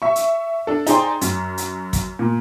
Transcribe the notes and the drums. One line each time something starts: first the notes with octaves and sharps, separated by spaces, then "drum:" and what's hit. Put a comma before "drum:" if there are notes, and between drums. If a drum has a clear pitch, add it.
E5 C#6
drum: hi-hat
D4 A4
D#4 G#4 C5 D5 G5 C6, drum: hi-hat
F#2, drum: hi-hat
drum: hi-hat
drum: kick, hi-hat
A#2